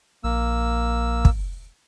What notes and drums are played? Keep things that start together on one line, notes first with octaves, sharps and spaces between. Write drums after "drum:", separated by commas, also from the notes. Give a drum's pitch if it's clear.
A#1 A#3 E6
drum: kick